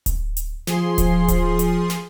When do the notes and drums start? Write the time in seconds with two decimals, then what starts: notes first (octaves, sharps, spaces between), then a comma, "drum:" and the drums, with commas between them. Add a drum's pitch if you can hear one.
0.06 drum: kick D1, hi-hat
0.37 drum: hi-hat
0.67 F3 G#4 C6, drum: snare
0.98 drum: kick D1, hi-hat
1.28 drum: kick D1, hi-hat
1.59 drum: hi-hat
1.90 drum: snare